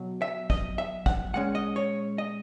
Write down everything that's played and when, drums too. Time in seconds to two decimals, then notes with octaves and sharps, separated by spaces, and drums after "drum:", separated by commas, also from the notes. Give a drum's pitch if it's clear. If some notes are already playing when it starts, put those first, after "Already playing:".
Already playing: B1 B2 F#3
0.22 E5
0.50 D#5, drum: kick
0.78 E5
1.06 F#5, drum: kick
1.34 A#2 G#3 C#4 F#5
1.55 D#5
1.76 C#5
2.18 D#5